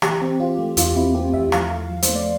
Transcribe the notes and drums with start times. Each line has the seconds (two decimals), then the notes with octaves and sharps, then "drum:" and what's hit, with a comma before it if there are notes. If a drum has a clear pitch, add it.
0.02 E3 G4, drum: rim click
0.21 C4
0.40 C4 F4
0.58 A3
0.77 E2 F4, drum: hi-hat
0.96 C4 E4
1.15 C4 G4
1.33 E2 E5
1.52 F3 F5, drum: rim click
1.71 A3
1.90 F3
2.02 C5, drum: hi-hat
2.09 A3
2.15 D5